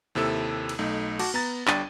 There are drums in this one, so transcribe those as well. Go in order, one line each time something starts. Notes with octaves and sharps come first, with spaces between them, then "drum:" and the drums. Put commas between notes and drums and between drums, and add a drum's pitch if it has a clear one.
D#2 C3 E4 A4 E6
drum: cymbal
B1 A3 D#4
F#4 A5 D6, drum: cymbal
B3 A#5 A6
G1 G2 D4 G5 A6 D#7, drum: clap